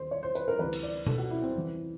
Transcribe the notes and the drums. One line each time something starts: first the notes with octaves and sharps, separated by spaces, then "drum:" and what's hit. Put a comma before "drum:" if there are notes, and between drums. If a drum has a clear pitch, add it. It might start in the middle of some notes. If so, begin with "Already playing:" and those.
Already playing: D#2 D#3 C5
C#5
C5
B4, drum: tambourine
A#4
D2 C3 E3 B4
drum: cymbal
D5
A4, drum: tom B2
F#4
E4
C4
F2 C3 E3